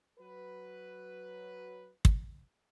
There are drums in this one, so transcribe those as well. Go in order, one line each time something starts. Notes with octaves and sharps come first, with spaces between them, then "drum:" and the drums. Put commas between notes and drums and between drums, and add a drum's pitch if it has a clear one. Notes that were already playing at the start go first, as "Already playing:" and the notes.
F#3 B4
drum: kick